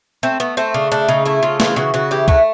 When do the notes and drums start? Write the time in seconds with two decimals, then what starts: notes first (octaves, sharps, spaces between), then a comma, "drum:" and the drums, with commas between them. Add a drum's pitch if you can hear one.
0.23 A3 C4
0.40 A3 B3
0.57 A3 C4
0.74 C#3 D4
0.92 A3 D4
1.08 C#3 D#4
1.25 A3 E4
1.43 C#3 F4
1.60 E3 F4, drum: snare
1.76 C#3 F#4
1.94 C#3 F#4
2.11 E3 G4
2.28 A3 F#4, drum: kick